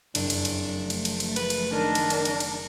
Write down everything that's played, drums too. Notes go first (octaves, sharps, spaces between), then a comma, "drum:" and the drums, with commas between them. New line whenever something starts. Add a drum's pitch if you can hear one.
F#1 F2 D4, drum: cymbal
drum: cymbal
drum: cymbal
F3 A3
drum: cymbal
drum: cymbal
drum: cymbal
B4, drum: cymbal
drum: cymbal
D#3 D4 A#4
drum: cymbal
drum: cymbal
drum: cymbal
drum: cymbal